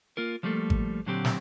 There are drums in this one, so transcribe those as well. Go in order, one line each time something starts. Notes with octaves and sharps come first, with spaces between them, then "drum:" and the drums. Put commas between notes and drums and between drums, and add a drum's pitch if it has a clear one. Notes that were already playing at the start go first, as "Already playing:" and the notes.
A#3 F4 A#4
F3 G3 A3 A#3 A4
drum: kick G#1
A#2 D3 F#3 C4 G4
drum: snare